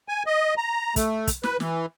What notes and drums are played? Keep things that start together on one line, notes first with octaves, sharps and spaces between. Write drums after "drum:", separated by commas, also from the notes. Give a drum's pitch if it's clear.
G#5
D#5
A#5
A3, drum: kick, hi-hat
drum: kick, hi-hat
B4, drum: snare
E3, drum: snare